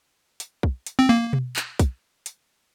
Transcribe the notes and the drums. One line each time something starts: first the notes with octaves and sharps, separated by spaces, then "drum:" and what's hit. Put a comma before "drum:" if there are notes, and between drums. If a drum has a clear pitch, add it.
drum: hi-hat
drum: kick
drum: hi-hat
C4
A#3
drum: tom B2
drum: clap
drum: kick, hi-hat
drum: hi-hat